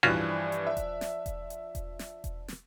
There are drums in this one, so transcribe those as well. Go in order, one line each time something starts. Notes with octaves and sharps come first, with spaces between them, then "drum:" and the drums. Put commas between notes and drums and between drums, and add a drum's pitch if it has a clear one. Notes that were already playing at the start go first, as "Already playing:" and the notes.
G2 E3 F3 C#4 D4 F4 F#4 F#6, drum: tom A2
drum: hi-hat
E5
drum: kick E1, hi-hat
drum: snare
drum: kick E1, hi-hat
drum: hi-hat
drum: kick E1, hi-hat
drum: snare
drum: kick E1, hi-hat
drum: snare